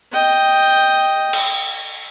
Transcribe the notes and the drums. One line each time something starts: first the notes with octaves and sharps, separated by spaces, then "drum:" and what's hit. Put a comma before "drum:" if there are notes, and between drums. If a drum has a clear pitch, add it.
D#5 G5
drum: cymbal